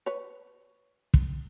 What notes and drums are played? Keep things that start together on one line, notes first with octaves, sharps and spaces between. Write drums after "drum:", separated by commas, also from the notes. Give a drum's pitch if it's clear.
B4 C#5
drum: kick